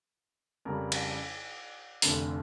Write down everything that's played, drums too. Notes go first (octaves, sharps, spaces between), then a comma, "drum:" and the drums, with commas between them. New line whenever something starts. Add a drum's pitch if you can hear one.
F2 C#3 G3 A#4
drum: cymbal
F1 F2 D3, drum: open hi-hat